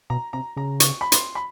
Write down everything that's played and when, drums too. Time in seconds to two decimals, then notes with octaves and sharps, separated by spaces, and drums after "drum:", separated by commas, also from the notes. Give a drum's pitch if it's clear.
0.10 B2 A#5
0.33 C3 A#5
0.57 C#3 A#5
0.80 C#6, drum: hi-hat
1.01 B5
1.12 C6, drum: hi-hat
1.35 B5